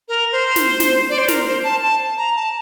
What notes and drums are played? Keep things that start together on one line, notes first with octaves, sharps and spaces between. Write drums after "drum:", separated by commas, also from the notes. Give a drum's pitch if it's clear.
A#4
C5
drum: snare
drum: snare
D5
C5
A#4, drum: snare
C5
A5
A5
A#5
A5